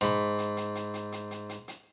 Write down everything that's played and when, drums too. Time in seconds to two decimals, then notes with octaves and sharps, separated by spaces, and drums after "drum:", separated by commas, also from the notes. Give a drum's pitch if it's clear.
0.01 G#2 B5, drum: hi-hat
0.38 drum: hi-hat
0.57 drum: hi-hat
0.75 drum: hi-hat
0.94 drum: hi-hat
1.12 drum: hi-hat
1.31 drum: hi-hat
1.49 drum: hi-hat
1.68 drum: hi-hat